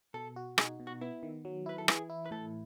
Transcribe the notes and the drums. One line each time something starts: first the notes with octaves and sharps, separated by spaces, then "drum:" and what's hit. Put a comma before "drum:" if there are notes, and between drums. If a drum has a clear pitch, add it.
B2 A4
F#4
D#4 G#4, drum: rim click
B2
F#4
B3 E4
D#3
F#3
E4 B4
A4
E3 G#4, drum: rim click
E4
B4
A2 A4